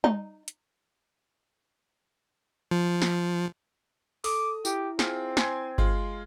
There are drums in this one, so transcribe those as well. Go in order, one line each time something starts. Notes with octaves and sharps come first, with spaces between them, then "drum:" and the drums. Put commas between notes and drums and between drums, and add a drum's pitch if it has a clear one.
D#4, drum: tom
drum: hi-hat
F3
drum: snare
A4 D6 D#6, drum: open hi-hat
E4 G4, drum: tambourine
C4 F4 G#4, drum: snare
G#5 C6 G#6, drum: snare
G#3 F4 C6, drum: kick G1